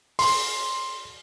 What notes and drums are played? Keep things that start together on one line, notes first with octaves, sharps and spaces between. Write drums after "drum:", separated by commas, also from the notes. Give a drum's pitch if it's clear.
C6, drum: open hi-hat